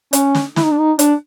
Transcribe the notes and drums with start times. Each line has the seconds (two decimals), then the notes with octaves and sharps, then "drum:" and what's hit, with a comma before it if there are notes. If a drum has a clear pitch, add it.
0.13 C#4, drum: hi-hat
0.35 drum: snare
0.56 E4, drum: snare
0.64 D#4
0.71 D4
0.79 D#4
0.99 D4, drum: hi-hat